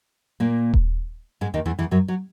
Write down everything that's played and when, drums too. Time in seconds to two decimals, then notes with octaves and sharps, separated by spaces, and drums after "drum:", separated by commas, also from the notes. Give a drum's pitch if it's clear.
0.40 A#2 A#3
0.74 drum: kick D#1
1.41 G#2 G#3
1.54 D#2 D#3
1.66 E2 E3
1.79 E2 E3
1.91 F#2 F#3
2.08 F#3